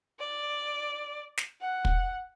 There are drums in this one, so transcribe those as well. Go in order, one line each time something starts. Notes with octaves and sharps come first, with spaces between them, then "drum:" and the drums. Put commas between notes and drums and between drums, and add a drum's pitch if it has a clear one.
D5
drum: snare
F#5
drum: kick